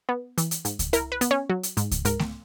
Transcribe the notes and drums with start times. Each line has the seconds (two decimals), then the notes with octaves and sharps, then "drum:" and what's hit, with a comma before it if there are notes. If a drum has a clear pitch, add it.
0.09 B3
0.38 E3, drum: hi-hat
0.51 drum: hi-hat
0.65 G#2, drum: hi-hat
0.79 drum: kick C#2, hi-hat
0.93 E4 A#4, drum: hi-hat
1.12 B4
1.21 B3, drum: hi-hat
1.31 C#4 C#5
1.50 F#3
1.63 drum: hi-hat
1.77 G#2, drum: hi-hat
1.91 drum: kick C#2, hi-hat
2.05 G#2 A#4, drum: hi-hat
2.19 drum: snare A3